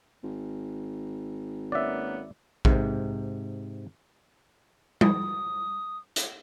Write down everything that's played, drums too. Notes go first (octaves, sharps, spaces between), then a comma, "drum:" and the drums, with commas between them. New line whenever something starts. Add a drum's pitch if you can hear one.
G#1
A#3 B3 C#4 D5 E5
G#2 C3, drum: kick A#1
D#6, drum: tom G3
drum: hi-hat